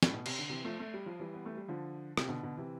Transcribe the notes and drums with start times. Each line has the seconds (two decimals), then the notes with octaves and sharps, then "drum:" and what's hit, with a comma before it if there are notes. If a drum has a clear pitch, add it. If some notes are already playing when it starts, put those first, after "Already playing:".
0.03 A2, drum: snare
0.14 B2
0.26 C3, drum: cymbal
0.39 D3
0.49 C3 E3
0.65 F3 A3
0.80 A3
0.94 G3
1.06 F3
1.20 E3 G3
1.34 B3
1.46 A3
1.57 G3
1.68 D3 F3
2.17 C3, drum: rim click
2.28 B2 D3
2.43 B2 D3
2.57 C3 E3